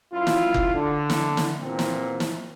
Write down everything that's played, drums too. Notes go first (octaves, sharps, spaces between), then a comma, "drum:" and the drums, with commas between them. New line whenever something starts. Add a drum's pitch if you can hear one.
F#2 E4 F4
drum: snare
drum: kick F#1
D3
drum: snare
drum: snare
E2 A#2 C4
drum: snare
drum: snare